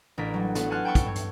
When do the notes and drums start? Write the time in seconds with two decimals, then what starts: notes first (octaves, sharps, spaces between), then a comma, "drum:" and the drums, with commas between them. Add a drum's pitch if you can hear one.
0.18 A1 D4 A#4 B6
0.34 F#3 G3
0.55 A3 B3 F4 F#4 A4, drum: hi-hat
0.70 F#5 G#5 A5 C6 F6 F#6
0.85 G5 A5 B5 C#6 E6
0.95 drum: kick, hi-hat
1.06 G2 C#5
1.15 drum: hi-hat